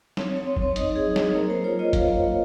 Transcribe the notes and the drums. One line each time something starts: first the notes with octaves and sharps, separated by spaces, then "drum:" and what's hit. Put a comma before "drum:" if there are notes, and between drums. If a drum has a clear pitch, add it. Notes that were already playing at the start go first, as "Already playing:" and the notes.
C4 C#5, drum: snare
F#3 C#5
C4
C#5, drum: kick
C4
D#4 D#5, drum: hi-hat
F#3 G#4
D#4
F#3 G#4, drum: snare
A#3 A#4
A#3 C5
F4 C#5
F4 D#5
A#3 F5, drum: kick, hi-hat
A#3
A#3